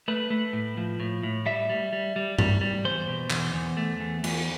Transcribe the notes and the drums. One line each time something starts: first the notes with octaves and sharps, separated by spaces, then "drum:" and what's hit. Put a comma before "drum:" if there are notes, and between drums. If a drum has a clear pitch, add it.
A3 B4
A3
A2
F3
A2
A2
G3 E5
G3
G3
G3
G3, drum: tom G2
G3
E2 C5
B2
E2, drum: clap
E2
A3
E2
E2, drum: cymbal